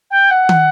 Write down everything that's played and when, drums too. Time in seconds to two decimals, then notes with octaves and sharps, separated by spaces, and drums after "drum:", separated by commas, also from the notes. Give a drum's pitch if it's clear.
0.11 G5
0.30 F#5
0.49 drum: tom